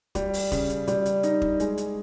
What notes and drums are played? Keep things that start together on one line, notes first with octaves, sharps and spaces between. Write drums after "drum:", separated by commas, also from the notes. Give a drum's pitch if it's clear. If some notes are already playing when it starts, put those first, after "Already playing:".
G3, drum: kick, hi-hat
drum: open hi-hat
C#3, drum: kick, hi-hat
drum: hi-hat
G3, drum: hi-hat
drum: hi-hat
D#4, drum: hi-hat
drum: kick
G#3, drum: hi-hat
drum: hi-hat